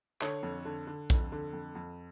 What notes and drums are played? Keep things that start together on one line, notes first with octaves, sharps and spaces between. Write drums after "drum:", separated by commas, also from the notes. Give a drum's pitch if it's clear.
D3 C#5, drum: clap
F2
D3
D3
F2, drum: kick A#1, hi-hat
D3
F2
F2